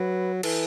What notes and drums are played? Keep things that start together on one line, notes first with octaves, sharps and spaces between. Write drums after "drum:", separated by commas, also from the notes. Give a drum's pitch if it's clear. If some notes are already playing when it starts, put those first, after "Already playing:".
Already playing: F#3 B4
E3 A4, drum: cymbal